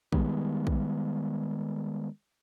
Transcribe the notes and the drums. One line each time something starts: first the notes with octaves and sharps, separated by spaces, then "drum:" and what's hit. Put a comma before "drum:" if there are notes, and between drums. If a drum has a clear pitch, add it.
D#3 G3 G#3 B3, drum: kick
drum: kick